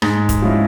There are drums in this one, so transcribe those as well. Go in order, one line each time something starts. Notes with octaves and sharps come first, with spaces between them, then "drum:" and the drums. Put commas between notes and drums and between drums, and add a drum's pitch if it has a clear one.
G#2, drum: rim click
drum: kick, hi-hat
F3 G#3 C#4 E4